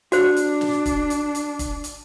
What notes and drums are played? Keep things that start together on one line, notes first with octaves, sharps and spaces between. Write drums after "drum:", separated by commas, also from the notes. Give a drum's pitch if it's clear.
D4 F#4 C5, drum: hi-hat
drum: hi-hat
drum: snare
drum: kick, hi-hat
drum: hi-hat
drum: hi-hat
drum: kick, hi-hat
drum: hi-hat